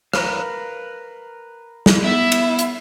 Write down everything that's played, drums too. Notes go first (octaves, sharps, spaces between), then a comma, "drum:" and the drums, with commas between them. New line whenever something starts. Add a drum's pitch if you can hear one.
A#4 B4 F5, drum: rim click
drum: snare
B3 E4 E5
drum: cymbal
drum: hi-hat